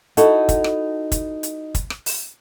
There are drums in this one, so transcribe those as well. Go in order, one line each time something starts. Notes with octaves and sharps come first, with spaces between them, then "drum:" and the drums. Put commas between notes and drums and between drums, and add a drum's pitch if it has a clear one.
D#4 E4 F#4 A4, drum: hi-hat
drum: kick, hi-hat
drum: rim click
drum: kick, hi-hat
drum: hi-hat
drum: kick, hi-hat
drum: rim click
drum: open hi-hat